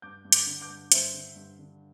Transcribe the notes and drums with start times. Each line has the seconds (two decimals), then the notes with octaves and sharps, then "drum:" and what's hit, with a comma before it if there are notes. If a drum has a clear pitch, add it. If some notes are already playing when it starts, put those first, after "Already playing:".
0.02 G2 D6 G6
0.25 G2
0.32 D6 G6, drum: hi-hat
0.47 D3
0.62 D6 G6
0.70 G2
0.92 G2 C5 E5, drum: hi-hat
1.14 D3
1.36 G2
1.59 D3